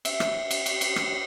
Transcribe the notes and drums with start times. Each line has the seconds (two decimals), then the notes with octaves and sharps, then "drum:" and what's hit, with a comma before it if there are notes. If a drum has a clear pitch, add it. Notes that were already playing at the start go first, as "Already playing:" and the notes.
0.05 E5, drum: cymbal
0.20 drum: rim click
0.51 drum: cymbal
0.66 drum: cymbal
0.81 drum: cymbal
0.96 drum: rim click